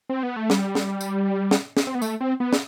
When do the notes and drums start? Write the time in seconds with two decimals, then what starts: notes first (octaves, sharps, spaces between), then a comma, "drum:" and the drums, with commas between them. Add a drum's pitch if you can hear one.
0.09 C4
0.23 B3
0.36 A3
0.50 G3, drum: snare
0.75 drum: snare
1.01 drum: tambourine
1.51 drum: snare
1.77 drum: snare
1.87 C4
1.95 B3
2.02 A3, drum: tambourine
2.21 C4
2.40 B3
2.53 drum: snare